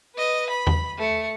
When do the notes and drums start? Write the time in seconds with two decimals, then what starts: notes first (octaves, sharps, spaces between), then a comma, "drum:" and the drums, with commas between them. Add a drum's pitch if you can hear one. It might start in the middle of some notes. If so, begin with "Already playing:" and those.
0.16 B4 D#5
0.50 B5
0.67 drum: tom E2
0.98 A3 C#7